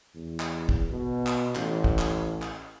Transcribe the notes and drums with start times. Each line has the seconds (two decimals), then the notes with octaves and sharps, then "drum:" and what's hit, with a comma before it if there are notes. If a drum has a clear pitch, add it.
0.16 E2
0.40 drum: clap
0.69 drum: kick
0.90 B2
1.27 drum: clap
1.55 A1, drum: clap
1.84 drum: kick
1.99 drum: clap
2.42 drum: clap